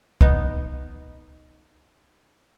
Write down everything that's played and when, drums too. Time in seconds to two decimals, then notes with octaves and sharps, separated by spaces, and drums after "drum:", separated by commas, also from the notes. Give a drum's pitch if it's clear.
0.21 B3 D#4, drum: kick